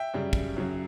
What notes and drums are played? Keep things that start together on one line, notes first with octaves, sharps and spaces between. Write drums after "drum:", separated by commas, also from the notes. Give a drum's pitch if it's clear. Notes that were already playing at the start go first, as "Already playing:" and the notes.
Already playing: E5 G5
F#2 C#3 G3
drum: kick
F#2 C#3 F#3